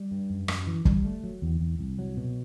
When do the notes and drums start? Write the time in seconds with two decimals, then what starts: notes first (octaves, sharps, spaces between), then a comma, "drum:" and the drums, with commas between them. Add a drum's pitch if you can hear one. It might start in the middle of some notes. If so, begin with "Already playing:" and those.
Already playing: G3
0.11 G2
0.30 F#2
0.48 F#2, drum: rim click
0.67 E3
0.85 G3, drum: kick
1.05 A3
1.24 F#3
1.42 E2
1.60 E2
1.79 C2
1.99 F#3
2.17 B2